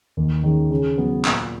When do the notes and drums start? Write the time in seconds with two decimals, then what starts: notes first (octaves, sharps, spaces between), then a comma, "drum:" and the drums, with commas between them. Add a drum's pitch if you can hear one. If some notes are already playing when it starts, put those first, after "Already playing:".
0.17 D#2
0.43 D#3 G#3 C#4
0.71 C#3
0.98 F#3 B3
1.25 A#2, drum: clap